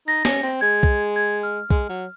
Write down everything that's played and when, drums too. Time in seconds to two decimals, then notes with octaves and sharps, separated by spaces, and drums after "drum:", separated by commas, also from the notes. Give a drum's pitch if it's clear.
0.07 D#4 A#6
0.25 C#4, drum: snare
0.43 C4
0.61 G#3 G#6
0.83 drum: kick B1
1.16 G#6
1.43 F6
1.70 G#3, drum: kick B1
1.89 F#3